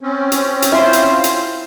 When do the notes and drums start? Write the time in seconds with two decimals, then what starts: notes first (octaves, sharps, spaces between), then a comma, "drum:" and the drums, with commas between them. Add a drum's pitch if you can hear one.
0.01 C4 C#4
0.32 drum: hi-hat
0.62 drum: hi-hat
0.72 E4 F4 C5
0.93 drum: hi-hat
1.24 drum: hi-hat